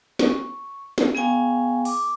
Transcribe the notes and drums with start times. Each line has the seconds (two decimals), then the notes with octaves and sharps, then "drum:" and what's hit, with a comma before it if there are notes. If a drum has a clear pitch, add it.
0.19 C#6, drum: snare
0.98 drum: snare
1.15 B3 G#4 F5 G5 G#5 C#6
1.85 D6, drum: open hi-hat